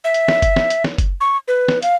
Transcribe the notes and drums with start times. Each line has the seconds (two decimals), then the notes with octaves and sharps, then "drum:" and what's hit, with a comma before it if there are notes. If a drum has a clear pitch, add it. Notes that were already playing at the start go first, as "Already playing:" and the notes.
0.04 E5
0.14 drum: hi-hat
0.28 drum: snare
0.42 drum: kick F#1, hi-hat
0.56 drum: snare
0.70 drum: hi-hat
0.84 drum: snare
0.98 drum: kick F#1, hi-hat
1.21 C#6
1.48 B4
1.68 drum: snare
1.82 F5, drum: hi-hat